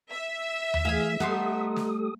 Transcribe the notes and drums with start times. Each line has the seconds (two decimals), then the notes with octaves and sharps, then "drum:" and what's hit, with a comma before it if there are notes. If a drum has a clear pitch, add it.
0.12 E5
0.74 drum: tom D#2
0.85 E3 A3 G#4 F5 G#5
1.20 G3 A3 B3 D#4 G4 A4 C6 D#6
1.76 drum: snare